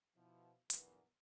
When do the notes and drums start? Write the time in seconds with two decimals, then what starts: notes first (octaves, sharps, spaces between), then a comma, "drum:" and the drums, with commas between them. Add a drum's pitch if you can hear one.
0.16 B2 F3 E4
0.70 B1 E2 G2 E3 B3 A#4, drum: hi-hat